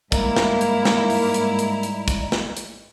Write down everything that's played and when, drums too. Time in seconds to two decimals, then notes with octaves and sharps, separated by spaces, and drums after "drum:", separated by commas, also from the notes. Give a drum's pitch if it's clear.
0.12 G#2 G3 G#3 A#3 E4 A#5, drum: kick, hi-hat
0.36 drum: snare
0.61 drum: hi-hat
0.85 drum: snare
1.10 drum: open hi-hat
1.34 drum: hi-hat
1.59 drum: hi-hat
1.83 drum: hi-hat
2.08 drum: kick, hi-hat
2.32 drum: snare
2.57 drum: hi-hat